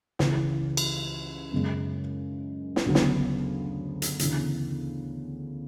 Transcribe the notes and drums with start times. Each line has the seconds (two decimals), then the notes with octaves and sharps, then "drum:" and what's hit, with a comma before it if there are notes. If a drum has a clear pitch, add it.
0.19 C#2 C#3 E3, drum: snare
0.77 drum: cymbal
1.52 F#2 C#3 G#3
2.76 drum: snare
2.86 D2 C#3 F#3 B3
2.95 drum: snare
4.02 drum: hi-hat
4.19 D2 C#3 E3 B3, drum: hi-hat